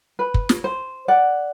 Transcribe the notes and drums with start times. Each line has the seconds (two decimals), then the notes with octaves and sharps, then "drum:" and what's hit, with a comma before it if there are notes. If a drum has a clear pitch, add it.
0.19 B4
0.34 drum: kick
0.49 drum: snare
0.64 C5
1.08 D5 F#5